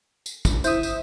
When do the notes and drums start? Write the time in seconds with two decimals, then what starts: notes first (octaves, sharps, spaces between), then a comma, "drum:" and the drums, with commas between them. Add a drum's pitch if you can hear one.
0.26 drum: tambourine
0.45 drum: kick, tambourine
0.64 E4 C5 E5 D#6 G6, drum: tambourine
0.83 drum: tambourine